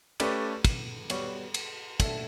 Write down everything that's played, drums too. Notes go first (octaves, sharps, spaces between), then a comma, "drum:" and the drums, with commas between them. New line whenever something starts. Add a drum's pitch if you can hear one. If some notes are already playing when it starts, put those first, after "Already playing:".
A3 C#4 G4 B4 D5, drum: cymbal
drum: kick, cymbal
G3 B3 F#4 C#5, drum: cymbal
drum: cymbal
A3 D4 A4 E5, drum: kick, cymbal